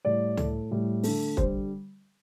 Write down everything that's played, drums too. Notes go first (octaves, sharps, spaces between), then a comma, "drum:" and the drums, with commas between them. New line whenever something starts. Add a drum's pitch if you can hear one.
A2 G3 D5
A2 A3, drum: tom C#2
A2 G3
D3 A3, drum: open hi-hat
D3 G3 C5, drum: kick